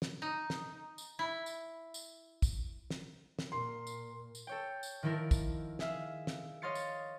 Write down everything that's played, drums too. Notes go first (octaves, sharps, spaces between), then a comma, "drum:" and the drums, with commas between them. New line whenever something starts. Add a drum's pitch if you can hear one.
drum: snare
D#4
drum: snare
drum: tambourine
E4
drum: tambourine
drum: tambourine
drum: kick, tambourine
drum: snare
drum: snare
A#2 A#4 C6
drum: tambourine
drum: tambourine
A4 C#5 G5
drum: tambourine
D#3 F3 E4 A4 A#4
drum: kick, tambourine
G#4 E5 F5, drum: snare
drum: snare
C#5 D#5 F5 C6 A6 C#7
drum: tambourine